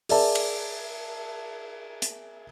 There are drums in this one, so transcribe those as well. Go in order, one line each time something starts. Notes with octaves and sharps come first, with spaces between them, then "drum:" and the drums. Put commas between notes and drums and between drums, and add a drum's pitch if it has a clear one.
G#4 A#4 D5 E5 A5, drum: open hi-hat
drum: cymbal
drum: hi-hat